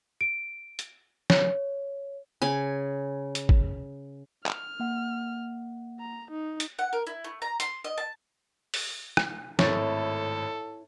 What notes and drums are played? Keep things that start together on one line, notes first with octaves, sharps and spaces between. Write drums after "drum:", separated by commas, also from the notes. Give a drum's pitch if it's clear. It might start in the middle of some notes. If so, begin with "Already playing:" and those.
D7
drum: hi-hat
C#5, drum: snare
C#3 G#5
drum: hi-hat
drum: kick
F6, drum: clap
A#3 F#5
A#5
D#4
drum: hi-hat
F#5
A#4
E4
A3
A#5
C6, drum: hi-hat
D#5
A5
drum: open hi-hat
drum: rim click
G#1 A2 E4 A4 C#5 A6, drum: snare